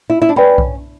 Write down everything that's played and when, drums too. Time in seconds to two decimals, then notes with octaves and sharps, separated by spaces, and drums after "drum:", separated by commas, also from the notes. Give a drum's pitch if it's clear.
0.10 E4
0.22 E4
0.29 D4
0.36 C#4 B4 D5 G5 B5
0.58 drum: kick B1